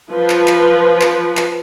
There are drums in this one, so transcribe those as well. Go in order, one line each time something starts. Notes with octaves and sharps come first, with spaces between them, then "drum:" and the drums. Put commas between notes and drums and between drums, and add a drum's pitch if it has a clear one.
F3 B4
drum: clap
drum: clap
drum: clap
drum: clap